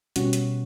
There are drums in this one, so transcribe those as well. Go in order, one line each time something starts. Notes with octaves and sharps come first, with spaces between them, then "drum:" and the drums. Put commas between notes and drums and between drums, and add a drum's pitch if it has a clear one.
B2 G3 C#4 F#4, drum: hi-hat
drum: hi-hat